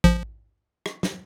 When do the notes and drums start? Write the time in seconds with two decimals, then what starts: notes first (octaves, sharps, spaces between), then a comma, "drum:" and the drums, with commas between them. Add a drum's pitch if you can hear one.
0.04 F3, drum: kick A1
0.86 drum: rim click
1.03 drum: snare